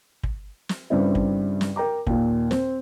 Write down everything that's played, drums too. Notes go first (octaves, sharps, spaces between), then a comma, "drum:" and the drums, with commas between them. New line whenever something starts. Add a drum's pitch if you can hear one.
drum: kick
drum: snare
G2 C#3 G3 C4 E4
drum: kick
drum: snare
A#4 G5 A#5 D6
D#2 A#2, drum: kick
C4, drum: snare